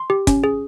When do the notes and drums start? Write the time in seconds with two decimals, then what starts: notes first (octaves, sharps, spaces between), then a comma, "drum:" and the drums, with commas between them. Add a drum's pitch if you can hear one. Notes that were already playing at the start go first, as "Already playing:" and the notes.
Already playing: C6
0.10 G4
0.27 C#4, drum: kick, hi-hat
0.44 G#4